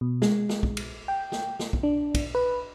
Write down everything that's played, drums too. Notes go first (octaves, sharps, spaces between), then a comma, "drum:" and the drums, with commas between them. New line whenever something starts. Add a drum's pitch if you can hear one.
B2
G#3, drum: snare
drum: snare
drum: kick
drum: cymbal
G5
drum: snare
drum: snare
drum: kick
D4
drum: kick, cymbal
B4